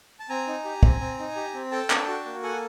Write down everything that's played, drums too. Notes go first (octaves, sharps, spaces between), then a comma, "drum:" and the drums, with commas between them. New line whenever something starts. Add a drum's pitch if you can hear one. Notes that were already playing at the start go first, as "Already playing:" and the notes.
A5
C4 G#5 A#5
D#4
G4
C4, drum: kick
C4
D#4
G4
C4
A4 G5 A5
D4, drum: clap
F#4
A#3
A4 F#5 G#5